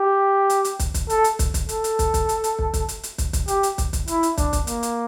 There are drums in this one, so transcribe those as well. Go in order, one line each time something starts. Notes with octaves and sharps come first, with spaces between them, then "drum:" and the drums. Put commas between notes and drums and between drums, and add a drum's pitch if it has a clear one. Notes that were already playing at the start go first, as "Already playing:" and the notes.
Already playing: G4
drum: hi-hat
drum: hi-hat
drum: kick, hi-hat
drum: kick, hi-hat
A4, drum: hi-hat
drum: hi-hat
drum: kick, hi-hat
drum: kick, hi-hat
A4, drum: hi-hat
drum: hi-hat
drum: kick, hi-hat
drum: kick, hi-hat
drum: hi-hat
drum: hi-hat
drum: kick
drum: kick, hi-hat
drum: hi-hat
drum: hi-hat
drum: kick, hi-hat
drum: kick, hi-hat
G4, drum: hi-hat
drum: hi-hat
drum: kick, hi-hat
drum: kick, hi-hat
E4, drum: hi-hat
drum: hi-hat
D4, drum: kick, hi-hat
drum: kick, hi-hat
A#3, drum: hi-hat
drum: hi-hat